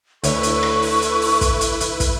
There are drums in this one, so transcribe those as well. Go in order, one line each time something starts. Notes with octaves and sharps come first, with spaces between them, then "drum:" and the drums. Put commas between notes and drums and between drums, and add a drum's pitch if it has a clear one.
D2 E4 A4 B4 C#5 C#6, drum: hi-hat
drum: hi-hat
drum: rim click
drum: open hi-hat
drum: hi-hat
drum: open hi-hat
drum: kick, hi-hat
drum: hi-hat
drum: hi-hat
drum: kick, hi-hat